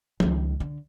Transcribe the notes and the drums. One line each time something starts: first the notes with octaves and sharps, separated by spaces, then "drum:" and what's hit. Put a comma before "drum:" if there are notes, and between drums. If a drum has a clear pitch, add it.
C#2 D#3, drum: tom
D3